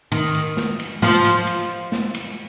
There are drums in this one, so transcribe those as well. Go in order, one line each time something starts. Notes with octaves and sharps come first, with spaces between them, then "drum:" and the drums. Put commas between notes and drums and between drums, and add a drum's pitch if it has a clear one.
D#3, drum: cymbal
drum: cymbal
drum: snare
drum: cymbal
F3, drum: snare
drum: cymbal
drum: cymbal
drum: snare
drum: cymbal